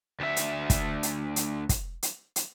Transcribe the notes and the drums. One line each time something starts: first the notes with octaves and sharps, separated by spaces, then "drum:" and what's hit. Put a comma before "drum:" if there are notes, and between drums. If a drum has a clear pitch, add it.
D2 E5
drum: hi-hat
drum: kick, hi-hat
drum: hi-hat
drum: hi-hat
drum: kick, hi-hat
drum: hi-hat
drum: hi-hat